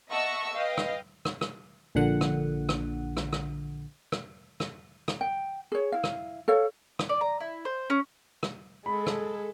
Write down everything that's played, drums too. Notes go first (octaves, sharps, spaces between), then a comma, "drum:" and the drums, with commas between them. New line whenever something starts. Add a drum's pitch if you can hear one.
D#5 E5 F#5 A5 C#6 E6
B4 D#5 F5 G5
drum: rim click
drum: rim click
drum: rim click
A#1 A#2 D3 F#5
drum: rim click
drum: rim click
drum: rim click
drum: rim click
drum: rim click
drum: rim click
drum: rim click
G5
G#4 C#5
E4 F5
drum: rim click
A4 C#5 F5
drum: rim click
D5
A#5
E4
C5
C#4
drum: rim click
G#3 A4 B5
drum: rim click